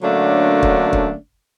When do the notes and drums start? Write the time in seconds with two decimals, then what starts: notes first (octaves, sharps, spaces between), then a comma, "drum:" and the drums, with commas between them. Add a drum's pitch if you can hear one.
0.02 D3 F#3 A3 A#3 C#4 D4
0.63 drum: kick
0.93 drum: kick